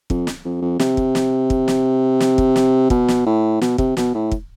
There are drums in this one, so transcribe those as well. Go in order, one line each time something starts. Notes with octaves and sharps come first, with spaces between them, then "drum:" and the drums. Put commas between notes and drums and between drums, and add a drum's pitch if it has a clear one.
F2, drum: kick
drum: snare
F2
F2
C3, drum: snare
drum: kick
drum: snare
drum: kick
drum: snare
drum: snare
drum: kick
drum: snare
B2, drum: kick
drum: snare
A2
B2, drum: snare
C3, drum: kick
B2, drum: snare
A2
drum: kick